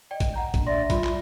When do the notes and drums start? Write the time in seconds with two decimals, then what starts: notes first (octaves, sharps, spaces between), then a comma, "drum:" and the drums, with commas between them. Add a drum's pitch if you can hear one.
0.11 D5 D#5 G5
0.20 drum: kick A1, hi-hat
0.34 F#5 A#5 G6
0.54 A#1 D4, drum: kick A1, hi-hat
0.66 D5 E5 C6 A#6
0.90 G3 F4 B5, drum: kick A1, hi-hat
1.04 drum: clap